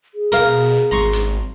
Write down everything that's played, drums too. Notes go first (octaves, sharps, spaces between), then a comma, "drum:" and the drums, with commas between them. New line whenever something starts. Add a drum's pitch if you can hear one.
G#4
B2 A#4 F5, drum: hi-hat
G#1 A#5 C6 C#6
drum: hi-hat